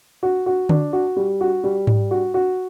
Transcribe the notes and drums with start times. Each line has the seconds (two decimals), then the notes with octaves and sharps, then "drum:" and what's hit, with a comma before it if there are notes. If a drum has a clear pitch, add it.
0.23 F#4
0.46 F#4
0.69 D4, drum: tom D3
0.93 F#4
1.16 G3
1.41 F#4
1.64 G3
1.87 G3, drum: tom G#2
2.11 F#4
2.34 F#4